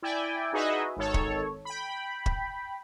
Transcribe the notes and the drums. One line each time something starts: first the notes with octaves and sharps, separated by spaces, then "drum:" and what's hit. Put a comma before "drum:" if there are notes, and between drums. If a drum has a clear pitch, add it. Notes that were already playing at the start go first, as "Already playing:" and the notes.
E4 D5 G5 G#5
D#4 F#4 G#4 B4 D#5 E5
G#1 D#3 A4 C#5
drum: kick
G5 B5
drum: kick